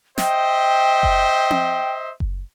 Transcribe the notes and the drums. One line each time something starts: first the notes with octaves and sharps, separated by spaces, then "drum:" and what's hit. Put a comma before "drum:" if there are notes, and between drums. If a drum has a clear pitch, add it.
C5 D#5 E5 G5, drum: snare
drum: kick F#1
drum: tom C4
drum: kick F#1